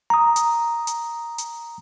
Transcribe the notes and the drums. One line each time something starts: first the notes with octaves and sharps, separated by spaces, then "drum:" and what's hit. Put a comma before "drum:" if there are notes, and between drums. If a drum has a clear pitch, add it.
A#5 D#6
drum: hi-hat
drum: hi-hat
drum: hi-hat